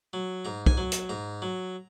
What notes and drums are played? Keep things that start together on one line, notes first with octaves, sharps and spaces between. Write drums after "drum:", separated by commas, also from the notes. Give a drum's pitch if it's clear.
F#3
G#2 A#5
G#5, drum: kick
F#3
drum: hi-hat
G#2 A#5
F#3